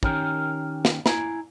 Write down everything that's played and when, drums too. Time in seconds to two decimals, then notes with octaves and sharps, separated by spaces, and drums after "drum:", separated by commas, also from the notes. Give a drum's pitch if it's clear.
0.03 D#3 C#4 G4 A#4, drum: kick
0.85 drum: snare
1.06 E4 G#5 A#5, drum: snare